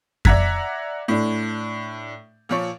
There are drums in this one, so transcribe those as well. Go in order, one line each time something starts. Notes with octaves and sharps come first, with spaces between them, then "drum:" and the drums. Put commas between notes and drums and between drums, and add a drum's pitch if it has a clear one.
D5 E5 F#5 A#5 G#6 B6, drum: kick F2
A2 D4
A#2 F3 C#5